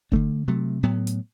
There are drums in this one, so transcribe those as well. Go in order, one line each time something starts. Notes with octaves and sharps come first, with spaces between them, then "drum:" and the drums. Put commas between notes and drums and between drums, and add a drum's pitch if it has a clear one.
D3 A3 D4, drum: kick F#1
C3 F#3 A3
A2 F#3 B3
drum: hi-hat